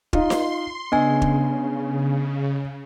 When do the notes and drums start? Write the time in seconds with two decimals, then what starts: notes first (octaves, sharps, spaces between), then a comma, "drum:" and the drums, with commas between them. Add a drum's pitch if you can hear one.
0.13 D#4 F4 C6, drum: kick
0.30 drum: snare D#4
0.92 C#3 B3 D4 D#5 G#5
1.22 drum: kick